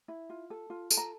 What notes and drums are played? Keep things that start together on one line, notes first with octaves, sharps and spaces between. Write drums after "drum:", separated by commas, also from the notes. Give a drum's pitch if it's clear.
E4
F4
A4
F4
A4, drum: tambourine
A#5